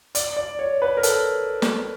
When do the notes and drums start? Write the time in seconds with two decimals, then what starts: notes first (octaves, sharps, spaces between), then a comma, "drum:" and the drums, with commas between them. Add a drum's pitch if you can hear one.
0.15 D5, drum: hi-hat
0.37 D5
0.59 C#5
0.82 B4
0.97 A#4
1.03 A4, drum: hi-hat
1.62 drum: snare